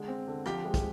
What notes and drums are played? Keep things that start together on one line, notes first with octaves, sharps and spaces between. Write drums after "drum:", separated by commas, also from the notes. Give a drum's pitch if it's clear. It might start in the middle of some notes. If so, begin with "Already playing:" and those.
Already playing: D3 G#3
C4
D3
F3 G4 G5, drum: rim click
G#3
drum: kick, hi-hat